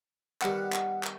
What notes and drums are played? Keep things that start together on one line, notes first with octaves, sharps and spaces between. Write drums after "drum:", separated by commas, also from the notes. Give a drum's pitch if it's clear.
D#3 G3 B3 F#5, drum: clap
drum: clap
drum: clap